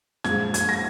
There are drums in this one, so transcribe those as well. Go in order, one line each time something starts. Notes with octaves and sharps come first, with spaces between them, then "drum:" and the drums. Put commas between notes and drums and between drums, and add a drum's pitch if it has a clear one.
A#2 F3 G#3 G#6, drum: snare
G#6, drum: hi-hat
A#6